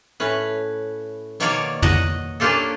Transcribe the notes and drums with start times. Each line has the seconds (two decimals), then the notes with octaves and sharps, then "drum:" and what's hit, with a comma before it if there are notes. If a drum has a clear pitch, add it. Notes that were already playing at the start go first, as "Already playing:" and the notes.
0.20 A2 C#4 B4
1.40 B2 D#3 A#3 C#5 D5 F5, drum: hi-hat
1.82 D#5 F#5, drum: tom
2.40 A#3 C#4 D4 F4 G4 A4